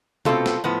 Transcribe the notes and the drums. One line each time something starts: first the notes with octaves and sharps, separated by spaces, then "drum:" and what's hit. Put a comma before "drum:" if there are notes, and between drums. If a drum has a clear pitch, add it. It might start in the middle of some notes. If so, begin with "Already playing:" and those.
B2 A3 C4 F4 A4, drum: tom C3
drum: snare
A2 F3 B3